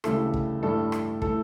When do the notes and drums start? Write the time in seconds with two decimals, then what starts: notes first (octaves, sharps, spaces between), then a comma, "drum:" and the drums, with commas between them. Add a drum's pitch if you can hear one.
0.04 D2 C#3 E3 G3 A4, drum: rim click
0.34 drum: kick
0.62 A1 G2 E3 G3 A4
0.92 drum: rim click
1.22 A2 E3 A4, drum: kick